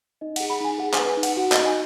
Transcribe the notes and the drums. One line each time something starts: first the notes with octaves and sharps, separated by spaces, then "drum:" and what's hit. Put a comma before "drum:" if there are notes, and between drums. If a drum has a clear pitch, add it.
D#4 D#5
G#4 F#5, drum: cymbal
B5
D#4 G#5
G#4 F#5
B4 G#5, drum: clap
G#5
D#4
F#5, drum: cymbal
F#4 F#5
D#4 D#5, drum: clap
G#5